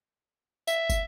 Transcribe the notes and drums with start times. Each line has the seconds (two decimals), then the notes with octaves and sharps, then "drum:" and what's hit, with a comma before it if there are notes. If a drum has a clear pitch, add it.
0.68 E5, drum: tambourine
0.90 drum: kick, tambourine